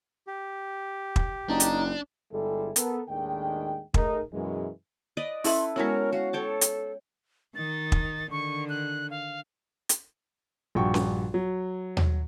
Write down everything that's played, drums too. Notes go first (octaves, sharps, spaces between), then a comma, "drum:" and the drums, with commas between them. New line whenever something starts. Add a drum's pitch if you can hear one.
G4
drum: kick
F#1 D4 D#4
drum: hi-hat
G1 G3 G#3 E4 G#4 A4
B3 A4 A#4, drum: hi-hat
D#2 A2 D#3 G#3 D4 G5
A3 D#4 G#4 A#4, drum: kick
F#2 B2 E3 G#3
B4 D5 D#5
C#4 E4 A4 B4 E5 C6, drum: open hi-hat
G#3 B3 C#4 E4 F#4 A#4 C#5
F#4 F5
A4 C#5 G5 A5
drum: hi-hat
D#3 D#4 A6
drum: kick
D3 D#3 C#6
F#6
F5
drum: hi-hat
A#1 G2 F#4 G5 C#6
drum: snare C#4
F#3
drum: tom D#2